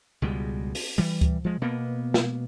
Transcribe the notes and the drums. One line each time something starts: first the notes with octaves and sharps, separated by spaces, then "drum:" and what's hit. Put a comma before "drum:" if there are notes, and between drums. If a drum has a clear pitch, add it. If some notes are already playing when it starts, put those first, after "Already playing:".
C#2 B2 G3 G#3
drum: open hi-hat
E3 G3
drum: kick D2, hi-hat
F3 G#3
B2 A#3 B3
drum: snare